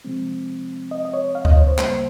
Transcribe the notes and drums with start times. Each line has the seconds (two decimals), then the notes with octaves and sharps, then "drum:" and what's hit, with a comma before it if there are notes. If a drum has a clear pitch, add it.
0.05 C3 F3 G#3 C4
0.91 D#5
1.05 D#5
1.13 C#5
1.35 F5
1.45 D#5, drum: kick D2
1.57 C#5
1.67 C5
1.78 C#3 G3 A#3, drum: clap